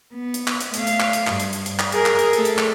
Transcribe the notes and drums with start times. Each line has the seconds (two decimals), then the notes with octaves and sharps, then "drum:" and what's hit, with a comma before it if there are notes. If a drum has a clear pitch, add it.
0.14 B3
0.34 drum: hi-hat
0.47 drum: clap
0.61 drum: hi-hat
0.74 A3 F5, drum: hi-hat
0.87 drum: hi-hat
1.00 drum: clap
1.13 drum: hi-hat
1.27 G2, drum: clap
1.40 drum: hi-hat
1.53 drum: hi-hat
1.66 drum: hi-hat
1.79 drum: clap
1.92 G#4 A#4, drum: hi-hat
2.06 drum: clap
2.19 drum: hi-hat
2.33 A3 A4, drum: hi-hat
2.45 drum: hi-hat
2.58 drum: clap